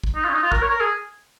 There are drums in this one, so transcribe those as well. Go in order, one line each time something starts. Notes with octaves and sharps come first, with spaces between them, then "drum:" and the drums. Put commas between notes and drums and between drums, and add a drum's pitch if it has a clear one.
drum: kick
D#4
F4
C#4
D#4
F4
A#4, drum: kick
C#5
A#4
G#4